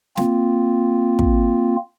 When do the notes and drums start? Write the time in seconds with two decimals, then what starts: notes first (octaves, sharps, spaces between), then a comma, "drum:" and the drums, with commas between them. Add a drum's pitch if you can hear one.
0.17 A#3 C4 F4, drum: snare
1.19 drum: kick